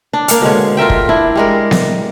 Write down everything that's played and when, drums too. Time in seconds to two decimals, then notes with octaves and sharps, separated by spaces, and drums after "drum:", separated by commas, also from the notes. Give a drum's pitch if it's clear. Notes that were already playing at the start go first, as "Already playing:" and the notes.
0.13 D4
0.28 A#3 F5, drum: hi-hat
0.42 B2 D3 G#3 C#5
0.77 F4 A#4 E5 G5
0.90 drum: kick
1.09 D4 E4
1.35 G3 G#3 A#4
1.71 drum: snare B3